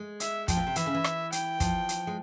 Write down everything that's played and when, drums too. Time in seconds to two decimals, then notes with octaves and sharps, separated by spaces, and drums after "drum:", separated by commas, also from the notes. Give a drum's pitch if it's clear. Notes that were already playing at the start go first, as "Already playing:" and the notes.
Already playing: G#3
0.20 E5, drum: hi-hat
0.48 F3 G5, drum: kick, hi-hat
0.57 A#2
0.67 C3
0.76 E3 E5, drum: hi-hat
0.86 C#3
0.95 E3
1.04 drum: rim click
1.32 G5, drum: hi-hat
1.60 F3, drum: kick, hi-hat
1.89 drum: hi-hat
2.07 G#3